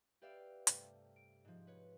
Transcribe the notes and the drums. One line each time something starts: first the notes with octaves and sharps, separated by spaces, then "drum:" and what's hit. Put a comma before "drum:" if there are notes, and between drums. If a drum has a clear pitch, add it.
G4 B4 D5 E5 F5
G2 C3 A3, drum: hi-hat
D7
G#2 F3
B4 C#5